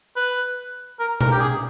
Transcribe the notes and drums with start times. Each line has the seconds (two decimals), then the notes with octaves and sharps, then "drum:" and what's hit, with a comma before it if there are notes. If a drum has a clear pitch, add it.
0.16 B4
1.00 A#4
1.21 A#4, drum: tom B2
1.32 G4
1.41 G#4